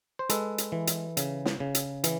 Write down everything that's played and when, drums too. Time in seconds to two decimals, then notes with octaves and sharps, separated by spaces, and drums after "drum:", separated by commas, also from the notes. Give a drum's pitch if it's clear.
0.19 C5
0.30 G#3 A4 B4, drum: hi-hat
0.58 drum: hi-hat
0.72 E3
0.87 drum: hi-hat
1.17 C#3, drum: hi-hat
1.45 drum: snare
1.60 C#3
1.75 drum: hi-hat
2.04 E3, drum: hi-hat